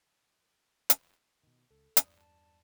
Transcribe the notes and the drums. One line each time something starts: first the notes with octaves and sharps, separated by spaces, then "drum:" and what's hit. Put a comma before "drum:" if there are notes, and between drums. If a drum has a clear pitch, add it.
drum: hi-hat
B2 D#3
C#2 A4
E2 G2 D5 D#6, drum: hi-hat
A5